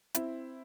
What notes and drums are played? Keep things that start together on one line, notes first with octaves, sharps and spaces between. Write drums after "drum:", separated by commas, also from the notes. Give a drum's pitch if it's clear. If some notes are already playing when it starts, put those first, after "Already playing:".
C4 E4, drum: hi-hat